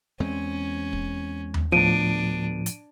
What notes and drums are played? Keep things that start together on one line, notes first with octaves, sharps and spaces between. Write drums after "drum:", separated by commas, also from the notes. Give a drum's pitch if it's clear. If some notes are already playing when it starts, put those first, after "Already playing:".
E2 G#3 C4 C#4
drum: kick
drum: tom D#2
D2 A2 F3 B3 D4 D7 D#7
drum: hi-hat